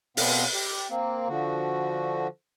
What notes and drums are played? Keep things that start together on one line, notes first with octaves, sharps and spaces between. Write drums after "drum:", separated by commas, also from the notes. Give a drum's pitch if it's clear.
B2 B3 C4 F5, drum: open hi-hat
G4
A#3 C4
D3 F3 F#4